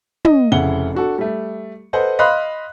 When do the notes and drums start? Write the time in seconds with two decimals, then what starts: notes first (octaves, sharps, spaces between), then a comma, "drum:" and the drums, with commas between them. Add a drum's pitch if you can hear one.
0.25 D#5, drum: tom
0.52 F1 C#3 E4 F#5 G7
0.95 D4 F#4 A4
1.18 G3 A3
1.93 A4 B4 C5 D#5 F#5
2.19 D#5 F5 B5 C6 F#6